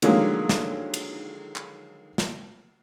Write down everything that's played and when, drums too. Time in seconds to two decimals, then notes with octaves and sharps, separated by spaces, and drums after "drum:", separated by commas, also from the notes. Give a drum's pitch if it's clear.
0.02 D3 D#3 F3 F#3 G#3 A#3, drum: cymbal
0.49 drum: snare
0.94 drum: cymbal
1.56 drum: clap
2.18 drum: snare